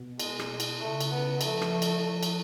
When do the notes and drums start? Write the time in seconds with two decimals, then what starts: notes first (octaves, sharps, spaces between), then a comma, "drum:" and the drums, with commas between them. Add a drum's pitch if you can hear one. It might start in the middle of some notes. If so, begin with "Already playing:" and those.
Already playing: B2
0.20 G#3, drum: cymbal
0.39 drum: rim click
0.60 drum: cymbal
0.80 C#3 A3
1.01 drum: cymbal
1.10 B3
1.41 F3 A3, drum: cymbal
1.62 drum: rim click
1.82 drum: cymbal
2.23 drum: cymbal